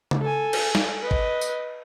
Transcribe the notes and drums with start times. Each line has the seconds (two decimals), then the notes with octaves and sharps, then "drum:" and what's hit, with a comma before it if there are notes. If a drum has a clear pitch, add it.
0.11 drum: tom C#3
0.21 A4 G#5
0.53 drum: cymbal
0.75 drum: snare
1.02 B4 D#5
1.11 drum: kick
1.41 drum: tambourine